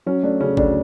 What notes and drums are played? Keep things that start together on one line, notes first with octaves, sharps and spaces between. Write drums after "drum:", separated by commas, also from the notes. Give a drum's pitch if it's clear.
F#3 C#4
A3 D4
C#3 C#4
D2 D4, drum: kick